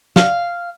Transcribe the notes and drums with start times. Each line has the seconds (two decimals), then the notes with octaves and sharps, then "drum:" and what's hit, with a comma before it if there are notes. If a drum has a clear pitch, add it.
0.16 F5, drum: snare